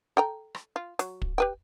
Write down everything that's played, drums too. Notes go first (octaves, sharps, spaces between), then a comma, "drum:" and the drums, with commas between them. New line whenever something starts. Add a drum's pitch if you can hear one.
A4 G5 A#5
drum: rim click
F4
F#3, drum: hi-hat
drum: kick
G4 B4 G5